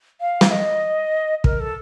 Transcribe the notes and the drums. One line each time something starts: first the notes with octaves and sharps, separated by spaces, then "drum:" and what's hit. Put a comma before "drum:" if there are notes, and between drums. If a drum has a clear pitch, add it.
F5
drum: snare
D#5
A#4, drum: kick
A4